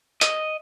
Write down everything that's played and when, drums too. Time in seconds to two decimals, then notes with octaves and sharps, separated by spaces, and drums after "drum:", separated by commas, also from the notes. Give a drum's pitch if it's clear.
0.21 D#5, drum: hi-hat